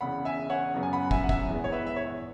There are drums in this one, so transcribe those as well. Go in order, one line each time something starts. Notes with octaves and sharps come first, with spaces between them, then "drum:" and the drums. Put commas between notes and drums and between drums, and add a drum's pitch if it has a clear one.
E1 E2 C#3 F#5 B5
E5 G#5
C#5 F#5
F#2 C#3 F#3 B3
G#5
F#5 B5
E5 G#5, drum: kick
F#5
E5 G#5, drum: kick
E2 E3 G#3 B3
C#5
B4 E5
E5
C#5